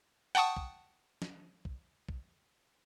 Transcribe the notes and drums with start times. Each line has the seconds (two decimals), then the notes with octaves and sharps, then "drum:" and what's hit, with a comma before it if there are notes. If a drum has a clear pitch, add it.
0.35 F#5 G5 A5 C#6 D#6
0.57 drum: kick
1.22 drum: snare
1.65 drum: kick
2.09 drum: kick